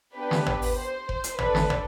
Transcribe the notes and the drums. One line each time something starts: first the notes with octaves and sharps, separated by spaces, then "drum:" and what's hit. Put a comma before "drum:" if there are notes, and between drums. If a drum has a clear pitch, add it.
B3 D4 G4 B4
drum: snare
drum: tom
drum: open hi-hat
C5
C5, drum: kick F1
drum: hi-hat
D4 A4 B4, drum: tom
drum: snare
drum: tom